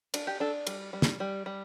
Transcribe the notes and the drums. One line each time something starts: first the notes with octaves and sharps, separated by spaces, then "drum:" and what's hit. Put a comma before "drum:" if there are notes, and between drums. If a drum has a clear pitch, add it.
D4, drum: cymbal
G4
D4 A4
G3, drum: cymbal
G3
drum: snare
G3
G3